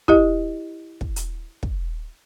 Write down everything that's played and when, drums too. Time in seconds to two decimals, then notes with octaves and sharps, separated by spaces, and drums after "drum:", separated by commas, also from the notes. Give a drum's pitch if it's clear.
0.08 E4 G4 D#5, drum: kick
1.01 drum: kick
1.16 drum: hi-hat
1.63 drum: kick